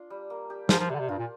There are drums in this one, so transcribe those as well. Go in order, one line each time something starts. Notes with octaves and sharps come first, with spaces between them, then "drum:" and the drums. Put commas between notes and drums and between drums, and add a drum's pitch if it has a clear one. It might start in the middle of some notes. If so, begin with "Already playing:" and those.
Already playing: D4 F4
G3
A#3
G4
F3 A#3, drum: snare
F3
C3 D5
D3
C3
G2 F4
A#2